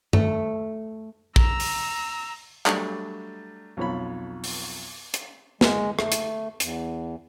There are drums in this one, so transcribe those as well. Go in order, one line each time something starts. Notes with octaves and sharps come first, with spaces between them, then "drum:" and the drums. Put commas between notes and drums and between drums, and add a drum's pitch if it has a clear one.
A3, drum: tom G2
A#5 E6, drum: kick
drum: open hi-hat
F#3 G3 A3 D4, drum: clap
B1 F2 C#5 B5
drum: open hi-hat
drum: hi-hat
G#3, drum: snare
A3, drum: rim click
drum: hi-hat
E2, drum: hi-hat